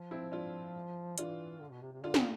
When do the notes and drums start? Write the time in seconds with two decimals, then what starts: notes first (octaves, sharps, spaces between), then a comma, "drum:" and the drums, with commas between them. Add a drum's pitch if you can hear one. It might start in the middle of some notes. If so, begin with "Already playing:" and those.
Already playing: F3
0.11 C4 E4
0.32 D4 F4
1.18 E3 D4 F4, drum: hi-hat
1.60 D3
1.71 B2
1.82 C3
1.92 C3
2.03 D3 D4 F4
2.14 drum: snare